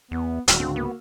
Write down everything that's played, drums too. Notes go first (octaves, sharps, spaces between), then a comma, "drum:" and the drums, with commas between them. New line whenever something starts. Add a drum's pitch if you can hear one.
E2 B3
D1 D#3 G3 F#4 E6 F6, drum: hi-hat
C#2 G#2 D3 C4
A#3 B3